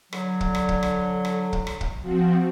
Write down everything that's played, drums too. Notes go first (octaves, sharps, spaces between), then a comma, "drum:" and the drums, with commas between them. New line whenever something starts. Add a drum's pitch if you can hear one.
D3 F#3, drum: rim click
drum: kick
drum: rim click
drum: kick
drum: rim click
drum: rim click
drum: kick
drum: rim click
drum: kick
F3 C4 F#4